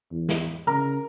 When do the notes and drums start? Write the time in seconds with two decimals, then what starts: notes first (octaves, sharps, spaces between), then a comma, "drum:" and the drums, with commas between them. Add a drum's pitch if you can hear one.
0.12 E2
0.29 drum: snare
0.67 C#3 A#4